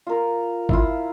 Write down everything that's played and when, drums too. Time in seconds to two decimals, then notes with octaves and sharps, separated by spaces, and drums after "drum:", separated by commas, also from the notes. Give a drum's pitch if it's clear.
0.07 F4 A#4
0.69 E4 F4, drum: kick G#1